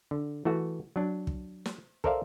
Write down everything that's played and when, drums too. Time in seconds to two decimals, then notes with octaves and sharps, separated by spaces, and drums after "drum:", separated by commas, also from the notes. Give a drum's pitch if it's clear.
0.11 D3
0.45 E3 A3 F#4
0.96 F#3 D4
1.27 drum: kick
1.66 drum: snare
2.04 A4 A#4 C5 D5 E5 F5, drum: kick